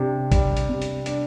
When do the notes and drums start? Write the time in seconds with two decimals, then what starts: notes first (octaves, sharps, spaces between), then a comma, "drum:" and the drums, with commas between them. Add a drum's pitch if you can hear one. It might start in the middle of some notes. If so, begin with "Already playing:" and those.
Already playing: C3 D4
0.32 G3, drum: kick A1, hi-hat
0.57 drum: hi-hat
0.69 C3
0.82 drum: hi-hat
1.06 D4, drum: hi-hat